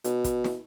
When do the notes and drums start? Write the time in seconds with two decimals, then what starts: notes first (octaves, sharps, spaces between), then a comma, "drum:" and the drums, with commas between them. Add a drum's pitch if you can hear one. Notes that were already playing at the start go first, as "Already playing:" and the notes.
0.04 B2, drum: hi-hat
0.24 drum: kick, hi-hat
0.44 drum: snare